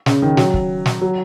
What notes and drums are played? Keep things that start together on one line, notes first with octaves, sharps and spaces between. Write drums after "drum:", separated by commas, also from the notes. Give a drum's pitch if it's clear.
C#3, drum: snare
D#3
F#3, drum: snare
drum: kick
drum: snare
F#3